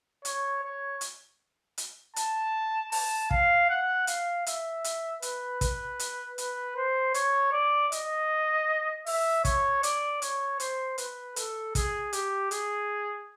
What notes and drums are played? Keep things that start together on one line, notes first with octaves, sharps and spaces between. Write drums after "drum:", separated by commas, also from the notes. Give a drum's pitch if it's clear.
C#5, drum: hi-hat
C#5
drum: hi-hat
drum: hi-hat
A5, drum: hi-hat
A5, drum: open hi-hat
F5, drum: kick
F#5
F5, drum: hi-hat
E5, drum: hi-hat
drum: hi-hat
B4, drum: hi-hat
B4, drum: kick, hi-hat
drum: hi-hat
B4, drum: hi-hat
C5
C#5, drum: hi-hat
D5
D#5, drum: hi-hat
E5, drum: open hi-hat
C#5, drum: kick, hi-hat
D5, drum: hi-hat
C#5, drum: hi-hat
C5, drum: hi-hat
B4, drum: hi-hat
A4, drum: hi-hat
G#4, drum: kick, hi-hat
G4, drum: hi-hat
G#4, drum: hi-hat